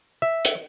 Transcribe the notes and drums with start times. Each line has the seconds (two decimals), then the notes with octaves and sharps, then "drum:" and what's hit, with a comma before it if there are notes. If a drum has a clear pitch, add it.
0.22 E5
0.45 drum: hi-hat